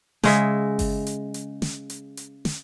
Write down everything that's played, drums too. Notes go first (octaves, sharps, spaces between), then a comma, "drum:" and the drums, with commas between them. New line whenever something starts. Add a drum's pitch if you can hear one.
C#3 G#3 E5, drum: snare
drum: kick G1, open hi-hat
drum: hi-hat
drum: hi-hat
drum: snare
drum: hi-hat
drum: hi-hat
drum: snare